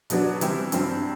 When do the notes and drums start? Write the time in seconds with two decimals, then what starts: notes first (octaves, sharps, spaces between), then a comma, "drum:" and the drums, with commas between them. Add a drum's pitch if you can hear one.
0.10 B2 F#3 B3 D4 F#4, drum: hi-hat
0.41 E3 G3 C4 E4, drum: hi-hat
0.72 G2 F#3 C4 E4, drum: hi-hat